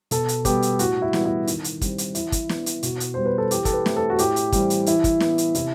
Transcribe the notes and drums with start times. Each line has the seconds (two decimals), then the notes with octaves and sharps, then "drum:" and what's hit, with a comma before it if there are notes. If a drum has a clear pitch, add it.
0.11 B2 A4, drum: hi-hat
0.28 drum: hi-hat
0.45 G3 B3 G4, drum: kick, hi-hat
0.62 drum: hi-hat
0.79 A2 F#4, drum: hi-hat
1.02 E4
1.13 E3 G3 B3, drum: snare
1.25 E4
1.47 D#3, drum: hi-hat
1.64 drum: hi-hat
1.81 G3 C4, drum: kick, hi-hat
1.98 drum: hi-hat
2.15 E3 E4, drum: hi-hat
2.32 drum: kick, hi-hat
2.49 B3, drum: snare
2.66 drum: hi-hat
2.83 B2 F#4, drum: hi-hat
3.00 drum: hi-hat
3.14 G3 B3 C5
3.26 B4
3.38 A4
3.51 E3 G4, drum: hi-hat
3.65 A4, drum: kick, hi-hat
3.73 B4
3.86 A3 C4, drum: snare
3.97 A4
4.10 F#4
4.18 A2 G4, drum: hi-hat
4.36 drum: hi-hat
4.52 E3 G3 C4, drum: kick, hi-hat
4.70 drum: hi-hat
4.86 E3 E4, drum: hi-hat
5.04 drum: kick, hi-hat
5.20 B3, drum: snare
5.38 drum: hi-hat
5.55 C3 E4, drum: hi-hat